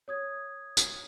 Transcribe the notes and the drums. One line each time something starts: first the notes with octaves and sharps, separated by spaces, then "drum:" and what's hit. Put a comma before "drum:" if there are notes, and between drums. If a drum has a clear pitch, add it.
C#5 D#6 G#6
drum: tambourine